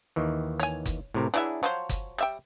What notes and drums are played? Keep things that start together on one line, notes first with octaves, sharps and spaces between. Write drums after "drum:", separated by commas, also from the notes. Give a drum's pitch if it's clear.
D#2 D#3 E3
C#5 G#5, drum: hi-hat
drum: kick F#1, hi-hat
A2 C3 A#4
E3 F#3 D4 E4 G#4 E5
F3 F#3 C5 C#5
drum: kick F#1, hi-hat
G3 E5 G5